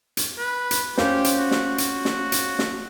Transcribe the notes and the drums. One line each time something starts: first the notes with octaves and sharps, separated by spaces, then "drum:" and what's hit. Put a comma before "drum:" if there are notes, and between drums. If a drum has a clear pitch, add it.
drum: hi-hat
B4
drum: hi-hat
C#4 F4 G4 C5, drum: snare
drum: hi-hat
F#4
drum: snare
drum: hi-hat
drum: snare
drum: hi-hat
drum: snare